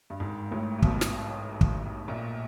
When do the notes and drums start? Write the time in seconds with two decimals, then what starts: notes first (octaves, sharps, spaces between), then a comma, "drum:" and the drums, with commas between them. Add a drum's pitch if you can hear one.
0.10 G2
0.20 G#1 G#2
0.51 A1 A2
0.78 C3
0.82 B1 B2, drum: kick
1.01 drum: snare
1.61 drum: kick
2.08 A#1 A#2